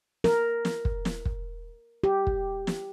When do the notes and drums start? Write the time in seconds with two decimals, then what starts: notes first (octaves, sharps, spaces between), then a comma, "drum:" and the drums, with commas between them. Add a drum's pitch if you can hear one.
0.24 A#4, drum: snare
0.65 drum: snare
0.85 drum: kick
1.05 drum: snare
1.25 drum: kick
2.04 G4
2.27 drum: kick
2.67 drum: snare